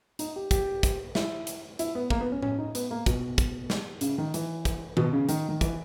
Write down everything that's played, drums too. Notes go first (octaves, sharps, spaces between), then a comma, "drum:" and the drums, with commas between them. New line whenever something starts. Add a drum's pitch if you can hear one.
D#4, drum: hi-hat
G4
G4, drum: kick, hi-hat
drum: kick, hi-hat
E4, drum: snare
drum: hi-hat
E4, drum: hi-hat
B3
A#3, drum: kick
B3
C#4
C#4, drum: tom A2
D#4
B3, drum: hi-hat
A#3
B2, drum: kick, hi-hat
drum: kick, hi-hat
drum: snare
C#3, drum: hi-hat
D#3
E3, drum: hi-hat
drum: kick, hi-hat
B2, drum: tom D#3
C#3
D#3, drum: hi-hat
D#3
E3, drum: kick, hi-hat